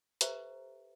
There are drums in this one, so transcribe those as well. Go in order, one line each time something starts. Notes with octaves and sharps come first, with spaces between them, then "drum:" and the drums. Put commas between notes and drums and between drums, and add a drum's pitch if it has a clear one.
G4 A4 B4 C5 E5 A#5, drum: hi-hat